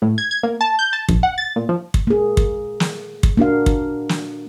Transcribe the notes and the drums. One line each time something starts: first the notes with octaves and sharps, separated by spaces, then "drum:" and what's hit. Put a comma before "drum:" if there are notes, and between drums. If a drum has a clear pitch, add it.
A2
G#6
G#6
A#3
A5
G6
A5
A#1, drum: kick
F#5
A6
A#2
F3
drum: kick
A#3 G#4
drum: kick
drum: snare
drum: kick
A#3 D4 F#4 F5
drum: kick
drum: snare